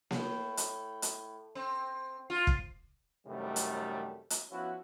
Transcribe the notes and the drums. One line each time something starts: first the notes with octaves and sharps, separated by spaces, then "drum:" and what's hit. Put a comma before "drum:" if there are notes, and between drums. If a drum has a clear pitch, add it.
A2, drum: snare A#3
drum: hi-hat
drum: hi-hat
C4
F4
drum: kick
F#2 A2 C3 D#3 G3 A3
drum: hi-hat
drum: hi-hat
F3 B3 C#4 E4 F#4